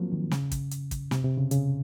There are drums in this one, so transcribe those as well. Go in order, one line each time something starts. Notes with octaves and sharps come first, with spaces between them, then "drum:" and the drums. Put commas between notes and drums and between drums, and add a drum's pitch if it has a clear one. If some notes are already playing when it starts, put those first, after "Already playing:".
Already playing: F3 F#3 A#3 C4
D#3
C#3, drum: snare
drum: kick, hi-hat
drum: hi-hat
drum: kick, hi-hat
C3, drum: snare
C3
C#3
C#3, drum: hi-hat